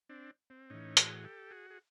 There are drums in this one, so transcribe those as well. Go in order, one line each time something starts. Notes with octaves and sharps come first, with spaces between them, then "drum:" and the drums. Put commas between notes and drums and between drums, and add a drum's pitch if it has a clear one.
C4 D4
C4
A2 E3 C#4 D#4
F#4 G#4, drum: hi-hat
G4 A4
F#4 G#4
G#4